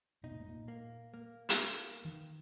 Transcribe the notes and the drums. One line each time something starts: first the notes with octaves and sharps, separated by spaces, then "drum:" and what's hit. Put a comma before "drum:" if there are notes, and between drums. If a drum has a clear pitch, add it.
B2 D#4
A#2
A2
A#2
A#3
A#3
drum: hi-hat
A#3
D#3 E3